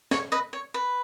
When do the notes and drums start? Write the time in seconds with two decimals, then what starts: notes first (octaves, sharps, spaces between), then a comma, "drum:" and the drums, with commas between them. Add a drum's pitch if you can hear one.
0.11 C#5, drum: snare
0.32 B4 D#5
0.53 C#5
0.74 B4